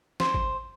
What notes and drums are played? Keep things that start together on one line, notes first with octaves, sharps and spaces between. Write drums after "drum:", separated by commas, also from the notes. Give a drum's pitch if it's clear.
C5, drum: snare
drum: kick G#1